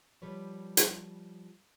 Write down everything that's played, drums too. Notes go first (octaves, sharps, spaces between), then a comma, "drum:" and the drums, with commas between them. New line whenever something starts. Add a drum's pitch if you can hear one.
F3 G3 B4 C#5
drum: hi-hat